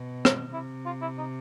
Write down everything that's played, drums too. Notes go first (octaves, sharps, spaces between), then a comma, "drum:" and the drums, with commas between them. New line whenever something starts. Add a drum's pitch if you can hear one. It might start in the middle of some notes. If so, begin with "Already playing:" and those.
Already playing: B2
drum: rim click
C3 E4
F4
E4
D#4